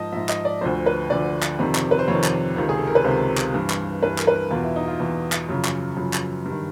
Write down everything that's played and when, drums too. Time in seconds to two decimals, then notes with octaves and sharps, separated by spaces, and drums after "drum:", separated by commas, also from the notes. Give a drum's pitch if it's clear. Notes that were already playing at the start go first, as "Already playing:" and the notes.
Already playing: G#2 F3 D#5 A5
0.12 G#2 F3 E5
0.29 D#5, drum: clap
0.45 D5
0.61 D2 D3 F3 C5
0.86 B4
1.10 D2 D3 F3 D5
1.43 drum: clap
1.59 F2 C3 D#3
1.75 drum: clap
1.91 B4
1.99 C5
2.08 F2 C3 D#3 C#5
2.24 drum: clap
2.56 C#2 C3 D#3
2.69 G#4
2.77 A4
2.87 A#4
2.95 B4
3.05 C#2 C3 D#3 C5
3.37 drum: clap
3.54 G2 E3
3.70 drum: clap
4.03 G2 E3 B4
4.18 A#4, drum: clap
4.27 B4
4.35 A#4
4.51 E2 B2 F4
4.63 E4
4.76 D#4
4.88 F4
5.00 E2 B2
5.32 drum: clap
5.49 F#2 C#3 F3
5.65 drum: clap
5.97 F#2 C#3 F3
6.13 drum: clap
6.46 G2 D#3